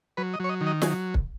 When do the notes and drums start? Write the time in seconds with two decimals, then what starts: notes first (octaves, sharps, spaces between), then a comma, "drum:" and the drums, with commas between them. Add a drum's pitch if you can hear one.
0.17 F#3 B4
0.34 D#5
0.40 F#3 C#5
0.49 D#5
0.61 D#3
0.67 D#5
0.82 F#3 G#4, drum: snare
1.14 drum: kick